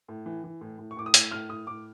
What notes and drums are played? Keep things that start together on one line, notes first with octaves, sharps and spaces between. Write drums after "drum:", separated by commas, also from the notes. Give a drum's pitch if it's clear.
A2
E3
E3
A2
A2
C#6
A2 D6
D#6
A2 E6, drum: hi-hat
A2 F6
A2 D#6
A2 D6